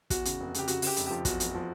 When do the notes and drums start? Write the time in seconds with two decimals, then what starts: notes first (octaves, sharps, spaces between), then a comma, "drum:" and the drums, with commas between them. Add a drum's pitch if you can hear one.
0.10 E2 F#4, drum: kick, hi-hat
0.25 C#3, drum: hi-hat
0.40 F1
0.54 C#3 G4, drum: hi-hat
0.68 C#3 F#4, drum: hi-hat
0.82 C#3 G4, drum: open hi-hat
0.96 F1, drum: hi-hat
1.07 F3 G4
1.25 E2 F#4, drum: kick, hi-hat
1.40 F1, drum: hi-hat
1.55 F3